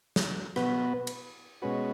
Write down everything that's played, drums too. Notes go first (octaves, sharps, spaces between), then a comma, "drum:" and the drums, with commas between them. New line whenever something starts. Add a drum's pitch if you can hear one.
drum: snare
B2 B3 F#4 B4, drum: rim click
drum: cymbal
B2 G#3 C#4 F#4 B4